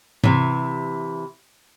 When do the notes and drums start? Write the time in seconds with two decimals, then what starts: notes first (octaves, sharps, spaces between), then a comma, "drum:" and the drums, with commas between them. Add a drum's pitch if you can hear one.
0.24 C3 E3, drum: tom G#2